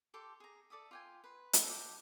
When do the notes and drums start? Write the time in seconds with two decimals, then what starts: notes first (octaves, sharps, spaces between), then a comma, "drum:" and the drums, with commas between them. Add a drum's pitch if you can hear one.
0.14 G4 A4 C6 D6
0.40 G#4 A#5
0.70 A4 D5 E5 D#6
0.91 F4 G5 G#5
1.24 B4 C6
1.53 drum: hi-hat
1.65 G4 A4